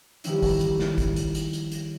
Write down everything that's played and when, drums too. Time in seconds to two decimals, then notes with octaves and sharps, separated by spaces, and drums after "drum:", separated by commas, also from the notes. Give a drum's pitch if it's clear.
0.24 D#3 F3 G3 A3 C#4 E4, drum: hi-hat
0.42 drum: kick, open hi-hat
0.61 drum: hi-hat
0.79 drum: snare
0.98 drum: kick, hi-hat
1.16 drum: hi-hat
1.35 drum: hi-hat
1.53 drum: hi-hat
1.72 drum: hi-hat